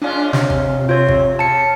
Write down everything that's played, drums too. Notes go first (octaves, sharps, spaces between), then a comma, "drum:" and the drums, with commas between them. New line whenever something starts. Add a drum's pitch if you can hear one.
G#3 C#4 D4 F4
C3, drum: snare
drum: kick G#1
C4 F4 C#5
drum: kick G#1
C#3 A5 C#7